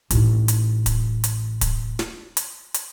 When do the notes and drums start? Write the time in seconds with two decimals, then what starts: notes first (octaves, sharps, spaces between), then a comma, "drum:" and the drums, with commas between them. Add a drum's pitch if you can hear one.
0.11 A1 D#4, drum: hi-hat
0.48 drum: hi-hat
0.86 drum: kick D1, hi-hat
1.24 drum: hi-hat
1.61 drum: kick D1, hi-hat
1.99 drum: snare
2.37 drum: hi-hat
2.74 drum: hi-hat